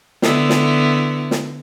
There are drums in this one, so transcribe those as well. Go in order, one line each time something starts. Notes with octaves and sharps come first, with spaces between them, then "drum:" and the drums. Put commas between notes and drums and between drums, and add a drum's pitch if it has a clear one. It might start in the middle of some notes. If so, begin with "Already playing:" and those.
D3 B3 E4, drum: snare
drum: snare
drum: snare